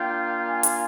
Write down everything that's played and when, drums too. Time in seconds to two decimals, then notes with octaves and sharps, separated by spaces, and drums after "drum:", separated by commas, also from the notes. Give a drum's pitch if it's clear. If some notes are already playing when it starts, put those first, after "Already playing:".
Already playing: A#3 D4 F4 G5
0.47 G#5
0.63 drum: hi-hat